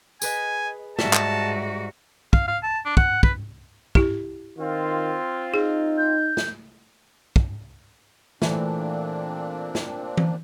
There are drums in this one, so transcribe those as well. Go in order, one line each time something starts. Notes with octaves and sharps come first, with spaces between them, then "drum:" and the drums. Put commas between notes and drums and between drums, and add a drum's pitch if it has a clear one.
G#4 B4 D#5 G#5, drum: tambourine
G#2 G3 F#4 E5 A5, drum: snare
drum: clap
F5, drum: kick
F5
A5
D4
F#5, drum: kick
B4, drum: kick
E4 G4, drum: kick
D#3 C4 F4
D#4 G#4
G6
drum: snare
drum: kick
A#2 E3 A3 C4 D4, drum: snare
drum: snare
drum: tom E3